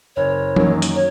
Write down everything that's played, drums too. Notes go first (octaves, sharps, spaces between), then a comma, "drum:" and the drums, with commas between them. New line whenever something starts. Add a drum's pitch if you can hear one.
F#1 C#5
F#2 D#3 F#3 A#3, drum: tom E3
drum: hi-hat
C#5